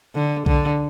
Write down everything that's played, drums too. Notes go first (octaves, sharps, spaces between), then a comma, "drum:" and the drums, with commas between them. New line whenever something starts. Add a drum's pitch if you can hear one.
D3
D3, drum: kick B1